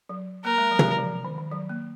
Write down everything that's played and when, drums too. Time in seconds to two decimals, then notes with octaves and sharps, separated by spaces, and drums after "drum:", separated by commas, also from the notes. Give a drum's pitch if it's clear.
0.09 F#3
0.45 A#3 A#4
0.58 G#3
0.71 F#3
0.79 G#3, drum: tom
0.85 F#3
0.98 F3
1.25 D#3
1.38 D#3
1.52 F#3
1.69 A#3